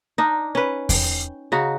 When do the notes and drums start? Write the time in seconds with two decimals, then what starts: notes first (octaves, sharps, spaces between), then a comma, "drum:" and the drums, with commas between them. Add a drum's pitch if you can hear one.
0.18 D4 D#4
0.55 C#4 B4
0.89 G5, drum: kick E2, open hi-hat
1.52 C#3 D#4 F#4